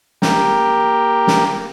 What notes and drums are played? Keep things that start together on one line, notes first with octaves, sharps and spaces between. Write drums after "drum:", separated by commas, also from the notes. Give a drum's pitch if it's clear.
A#3 G4, drum: snare
drum: snare